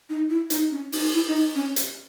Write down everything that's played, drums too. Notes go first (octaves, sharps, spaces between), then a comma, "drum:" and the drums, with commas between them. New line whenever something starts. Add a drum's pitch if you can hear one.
D#4
E4
D#4, drum: hi-hat
C#4
D#4, drum: open hi-hat
E4
D#4
C#4
drum: hi-hat